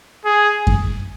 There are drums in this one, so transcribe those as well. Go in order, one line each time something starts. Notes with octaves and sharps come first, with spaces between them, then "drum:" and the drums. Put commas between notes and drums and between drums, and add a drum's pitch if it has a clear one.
G#4
drum: kick F#2